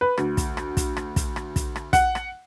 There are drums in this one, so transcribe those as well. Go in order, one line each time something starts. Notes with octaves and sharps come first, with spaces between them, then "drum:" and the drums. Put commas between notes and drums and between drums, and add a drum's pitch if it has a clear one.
B4
D2, drum: rim click
drum: kick, hi-hat
drum: rim click
drum: kick, hi-hat
drum: rim click
drum: kick, hi-hat
drum: rim click
drum: kick, hi-hat
drum: rim click
F#5, drum: kick, hi-hat
drum: rim click